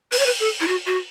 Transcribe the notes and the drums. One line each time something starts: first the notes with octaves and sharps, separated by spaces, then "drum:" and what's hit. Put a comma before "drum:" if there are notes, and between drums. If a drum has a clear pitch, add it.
B4, drum: open hi-hat
C#5
B4
A4
E4
F#4
F#4